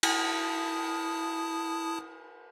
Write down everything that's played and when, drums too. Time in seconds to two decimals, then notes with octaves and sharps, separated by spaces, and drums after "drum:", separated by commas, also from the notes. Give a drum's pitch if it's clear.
0.03 E4 A5 D#6, drum: cymbal